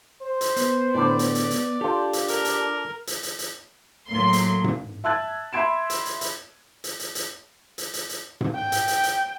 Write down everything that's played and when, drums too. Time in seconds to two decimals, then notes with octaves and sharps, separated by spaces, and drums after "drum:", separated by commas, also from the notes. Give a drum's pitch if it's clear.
0.22 C5
0.41 drum: hi-hat
0.56 B3, drum: hi-hat
0.94 A2 D3 D5
1.19 drum: hi-hat
1.35 drum: hi-hat
1.51 drum: hi-hat
1.81 D4 F4 G4 A4 G5
2.13 drum: hi-hat
2.28 A#4, drum: hi-hat
2.45 drum: hi-hat
3.07 drum: hi-hat
3.23 drum: hi-hat
3.39 drum: hi-hat
4.09 A2 F#3 A3 A#3 C6
4.33 drum: hi-hat
4.64 drum: tom G#2
5.04 E5 A5 E6 F#6 G#6 A6
5.53 E5 B5 C6 G#6 D7 E7
5.90 drum: hi-hat
6.05 drum: hi-hat
6.21 drum: hi-hat
6.84 drum: hi-hat
6.99 drum: hi-hat
7.15 drum: hi-hat
7.78 drum: hi-hat
7.94 drum: hi-hat
8.09 drum: hi-hat
8.41 drum: tom G#2
8.55 G5
8.72 drum: hi-hat
8.88 drum: hi-hat
9.03 drum: hi-hat